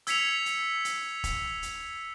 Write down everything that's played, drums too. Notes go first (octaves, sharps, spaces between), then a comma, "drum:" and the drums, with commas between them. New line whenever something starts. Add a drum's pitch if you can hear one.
E6 G#6 B6 C#7 F7, drum: hi-hat
drum: hi-hat
drum: hi-hat
drum: kick E1, hi-hat
drum: hi-hat